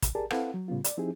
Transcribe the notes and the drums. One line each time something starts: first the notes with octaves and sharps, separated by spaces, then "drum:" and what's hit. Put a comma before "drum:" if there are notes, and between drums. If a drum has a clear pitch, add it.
drum: kick, hi-hat
G4 G#4 A#4 D5 A5
C4 E4 A4 B4 F5 F#5, drum: rim click
F#3
A2 C#3 G3 B3 F4
D5, drum: hi-hat
F3 C4 D#4 E4 G4 G#4